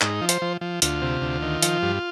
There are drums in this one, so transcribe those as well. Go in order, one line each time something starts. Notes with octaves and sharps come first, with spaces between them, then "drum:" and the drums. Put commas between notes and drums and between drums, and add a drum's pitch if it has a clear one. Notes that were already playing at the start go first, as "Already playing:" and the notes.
G#2 D#4, drum: clap
F3
C5, drum: hi-hat
F3
F3
D2 F4, drum: hi-hat
C3
D2
D#3
F3, drum: hi-hat
G2